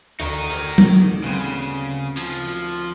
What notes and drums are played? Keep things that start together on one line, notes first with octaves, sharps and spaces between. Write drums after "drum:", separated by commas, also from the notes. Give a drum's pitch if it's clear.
D2 D#4 A#4 A#5, drum: hi-hat
drum: cymbal
drum: tom
C#3 B3 C4
F3, drum: cymbal